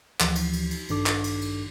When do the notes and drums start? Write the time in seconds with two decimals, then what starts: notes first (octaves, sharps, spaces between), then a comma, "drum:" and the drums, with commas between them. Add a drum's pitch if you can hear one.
0.20 D2 E3 F3, drum: clap
0.35 drum: cymbal
0.53 drum: cymbal
0.71 drum: cymbal
0.88 A1 G2 D#3 D4 A4 D6, drum: cymbal
1.06 drum: clap
1.24 drum: cymbal
1.41 drum: cymbal